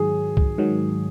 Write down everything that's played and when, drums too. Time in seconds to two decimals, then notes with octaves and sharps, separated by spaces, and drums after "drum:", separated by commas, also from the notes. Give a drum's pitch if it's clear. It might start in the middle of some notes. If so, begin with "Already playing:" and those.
Already playing: G#2 D#3 F#3 G#4
0.37 drum: kick C2
0.58 G#2 D#3 F#3